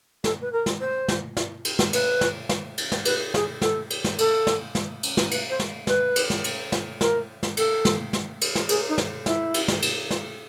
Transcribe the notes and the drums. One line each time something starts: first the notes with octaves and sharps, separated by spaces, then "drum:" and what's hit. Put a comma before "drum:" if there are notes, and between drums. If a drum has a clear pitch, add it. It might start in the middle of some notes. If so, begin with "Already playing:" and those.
A4, drum: snare
B4
A#4
drum: snare
C5
drum: snare
drum: snare
drum: cymbal
drum: snare
B4, drum: cymbal
drum: snare
drum: snare
drum: cymbal
drum: snare
B4, drum: cymbal
G#4, drum: snare
A4, drum: snare
drum: cymbal
drum: snare
A4, drum: cymbal
drum: snare
drum: snare
drum: cymbal
drum: snare
B4, drum: cymbal
C5
drum: snare
B4, drum: snare
drum: cymbal
drum: snare
drum: cymbal
drum: snare
A#4, drum: snare
drum: snare
A4, drum: cymbal
drum: snare
drum: snare
drum: cymbal
drum: snare
G#4, drum: cymbal
D#4
drum: snare
E4, drum: snare
drum: cymbal
drum: snare
drum: cymbal
drum: snare